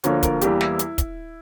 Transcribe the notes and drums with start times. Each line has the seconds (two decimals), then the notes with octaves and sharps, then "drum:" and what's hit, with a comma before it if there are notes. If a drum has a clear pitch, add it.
0.04 D2 D3 F3 A#3 C#5, drum: hi-hat
0.23 A#4, drum: kick, hi-hat
0.41 E2 E3 G3 A#3 G4, drum: hi-hat
0.61 E4, drum: snare
0.79 drum: hi-hat
0.98 drum: kick, hi-hat